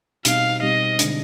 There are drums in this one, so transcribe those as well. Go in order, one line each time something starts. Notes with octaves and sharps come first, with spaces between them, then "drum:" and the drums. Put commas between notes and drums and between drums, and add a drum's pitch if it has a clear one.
B2 G3 C4 D#4 G4 F5, drum: hi-hat
B2 G3 C4 D#4 G4 D#5
D3 G#3 D4, drum: hi-hat